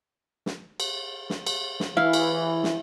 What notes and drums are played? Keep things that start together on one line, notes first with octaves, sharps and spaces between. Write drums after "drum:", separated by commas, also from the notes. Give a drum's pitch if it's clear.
drum: snare
drum: cymbal
drum: snare
drum: cymbal
drum: snare
E3 E4 F5
drum: cymbal
drum: snare